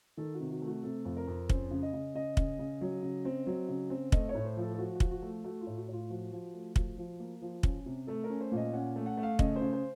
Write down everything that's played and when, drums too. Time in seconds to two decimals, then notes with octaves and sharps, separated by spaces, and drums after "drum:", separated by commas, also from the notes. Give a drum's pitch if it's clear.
0.17 D#3 A4
0.34 F#4
0.40 C3
0.51 F#4
0.62 A3
0.67 F#4
0.83 C3 A4
1.05 F2
1.17 A#4
1.27 F2
1.50 C#4 C5, drum: kick
1.71 C#3
1.83 D#5
1.94 C#3
2.15 C#3 D#5
2.37 C#3, drum: kick
2.59 C#3
2.81 F#3
3.03 C#3
3.25 C4
3.47 F#3
3.68 C#3
3.90 C4
4.12 A3 D#5, drum: kick
4.29 C#5
4.35 A2
4.45 C5
4.57 F3
4.62 A4
4.74 A4
4.78 F3 F#4
4.95 F#4
5.00 F3, drum: kick
5.11 F#4
5.22 A3
5.44 A3 F#4
5.61 F4
5.67 A2
5.77 F#4
5.89 A2 F4
6.10 F3 F#4
6.32 F3
6.54 A3
6.76 F3, drum: kick
6.98 F3
7.20 A#3
7.42 F3
7.63 C#4, drum: kick
7.86 C3
8.07 A3 A4
8.24 A#4
8.30 C#4
8.41 C5
8.52 A#2
8.57 D#5
8.73 C#4 F#5
8.96 A3
9.06 F#5
9.17 A3
9.23 F5
9.39 C#3 D#5, drum: kick
9.56 C5
9.61 C#3
9.73 C5